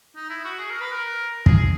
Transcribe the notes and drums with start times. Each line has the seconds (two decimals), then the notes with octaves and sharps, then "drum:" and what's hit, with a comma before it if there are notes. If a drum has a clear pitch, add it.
0.16 D#4
0.30 E4
0.45 F#4
0.59 G#4
0.70 A#4
0.81 B4
0.92 A#4
1.46 G#4, drum: kick